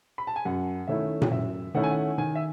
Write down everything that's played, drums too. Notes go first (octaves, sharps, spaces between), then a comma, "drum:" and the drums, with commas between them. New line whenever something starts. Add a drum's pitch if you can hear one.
B5
A5
G#5
F#2 F#5
D#3 A3 C#4 E4 E5
drum: tom A#2
F#2 E5
D#3 A3 C#4 E4 F#5
G#5
F#5
D#3 G#5
E5